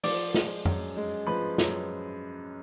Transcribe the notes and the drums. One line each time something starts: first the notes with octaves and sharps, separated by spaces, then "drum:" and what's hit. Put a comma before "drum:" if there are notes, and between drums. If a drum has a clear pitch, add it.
F3 D5 D6, drum: open hi-hat
G#3, drum: snare
F#2, drum: tom F2
G#3
F3 B4 B5
F#2, drum: snare